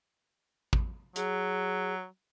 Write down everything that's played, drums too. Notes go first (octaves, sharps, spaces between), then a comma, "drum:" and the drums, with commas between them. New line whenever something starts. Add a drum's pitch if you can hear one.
drum: kick
F#3 G#4, drum: hi-hat